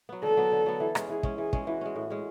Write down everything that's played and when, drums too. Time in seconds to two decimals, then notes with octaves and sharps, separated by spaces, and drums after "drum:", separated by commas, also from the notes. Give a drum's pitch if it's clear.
0.09 F#3 B3
0.23 D3 A4
0.37 F#3 B3
0.52 D3
0.66 F#3 B3
0.80 E3
0.95 G#3 C#4, drum: rim click
1.09 E3 G#4
1.23 G#3 C#4, drum: kick
1.38 E3 G#4
1.53 G#3 C#4, drum: kick
1.66 E3 F#4
1.81 G#3 C#4
1.96 A2
2.10 G#3 C#4